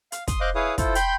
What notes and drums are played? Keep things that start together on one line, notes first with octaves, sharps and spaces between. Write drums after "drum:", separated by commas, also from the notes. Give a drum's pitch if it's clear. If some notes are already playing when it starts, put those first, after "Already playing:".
F5, drum: hi-hat
C6 D#6, drum: kick, hi-hat
C5 D#5 F5 C6 D6 F#6
E4 G#4 B4 C#5 F5 D#6
E4 F4 A4 C5, drum: kick, hi-hat
G5 B5 C6 G6, drum: hi-hat